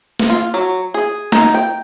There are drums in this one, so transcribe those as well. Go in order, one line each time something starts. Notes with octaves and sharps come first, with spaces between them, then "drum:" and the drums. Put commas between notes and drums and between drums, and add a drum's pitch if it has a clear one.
drum: snare
F4
F#3
G#4
D#4, drum: snare
G5